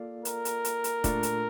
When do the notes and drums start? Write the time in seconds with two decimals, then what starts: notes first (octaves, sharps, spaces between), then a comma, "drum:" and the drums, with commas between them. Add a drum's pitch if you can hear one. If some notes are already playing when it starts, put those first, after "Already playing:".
Already playing: A#3 F4 A4 D5 F5
0.25 A#4, drum: hi-hat
0.45 drum: hi-hat
0.65 drum: hi-hat
0.84 drum: hi-hat
1.04 A#2 A3 D4 F4 A4, drum: kick, hi-hat
1.23 drum: hi-hat